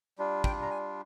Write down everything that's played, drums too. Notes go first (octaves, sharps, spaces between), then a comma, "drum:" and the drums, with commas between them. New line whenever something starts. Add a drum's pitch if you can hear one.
G3 D4 F4
G5, drum: kick
A#5
G#5